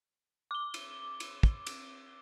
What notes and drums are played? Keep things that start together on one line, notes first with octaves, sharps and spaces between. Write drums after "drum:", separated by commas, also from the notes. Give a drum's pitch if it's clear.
D6 G7
drum: cymbal
drum: cymbal
drum: kick
drum: cymbal